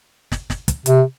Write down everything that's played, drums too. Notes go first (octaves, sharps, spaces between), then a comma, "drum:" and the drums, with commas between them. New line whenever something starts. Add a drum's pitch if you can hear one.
drum: snare
drum: snare
drum: kick, hi-hat
C3, drum: hi-hat